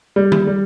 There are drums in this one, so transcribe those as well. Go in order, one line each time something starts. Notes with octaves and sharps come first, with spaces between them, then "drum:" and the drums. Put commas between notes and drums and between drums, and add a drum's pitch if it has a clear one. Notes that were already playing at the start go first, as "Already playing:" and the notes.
G3
drum: tom D#3
G3